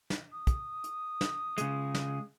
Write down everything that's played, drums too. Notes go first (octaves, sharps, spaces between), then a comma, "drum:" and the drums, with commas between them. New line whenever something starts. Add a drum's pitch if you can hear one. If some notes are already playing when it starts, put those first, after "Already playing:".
drum: snare
D#6
drum: kick, hi-hat
drum: hi-hat
drum: snare
C#3 G#3, drum: hi-hat
drum: snare